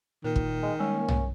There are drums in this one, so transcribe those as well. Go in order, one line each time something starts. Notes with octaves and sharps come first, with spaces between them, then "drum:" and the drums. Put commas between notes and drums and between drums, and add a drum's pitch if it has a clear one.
A#2 D#3 A#4
drum: kick
G#3
G3 G#3 A#3 C#4
drum: tom